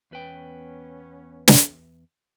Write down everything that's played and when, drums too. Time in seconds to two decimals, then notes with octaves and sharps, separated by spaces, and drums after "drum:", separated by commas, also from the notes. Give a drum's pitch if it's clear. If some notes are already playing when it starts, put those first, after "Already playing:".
0.11 E2 B3 C#4 B4 G5
1.48 drum: snare